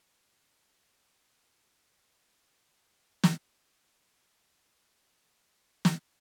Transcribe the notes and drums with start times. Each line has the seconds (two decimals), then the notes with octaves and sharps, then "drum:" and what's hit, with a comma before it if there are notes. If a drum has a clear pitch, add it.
0.01 F2 G#2 C3 F#3
3.24 drum: snare
3.39 G6 C#7 E7 F7
5.85 drum: snare